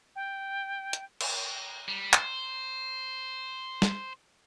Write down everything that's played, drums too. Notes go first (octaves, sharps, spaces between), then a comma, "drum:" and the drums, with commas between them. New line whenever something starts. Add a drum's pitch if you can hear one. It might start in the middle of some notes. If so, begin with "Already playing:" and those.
G5
drum: hi-hat
drum: cymbal
G3
C5, drum: clap
drum: snare